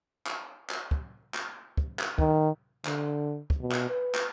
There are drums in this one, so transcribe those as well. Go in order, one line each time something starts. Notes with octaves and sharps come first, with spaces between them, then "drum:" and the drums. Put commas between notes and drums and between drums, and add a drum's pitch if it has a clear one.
drum: clap
drum: clap
drum: kick
drum: clap
drum: kick
drum: clap
D#3, drum: kick
D3, drum: clap
drum: kick
B2
drum: clap
B4
drum: clap